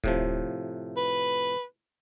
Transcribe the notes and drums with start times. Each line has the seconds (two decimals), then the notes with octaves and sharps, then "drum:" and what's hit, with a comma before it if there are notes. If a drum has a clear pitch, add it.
0.04 A2 C3 F3, drum: kick D1
0.97 B4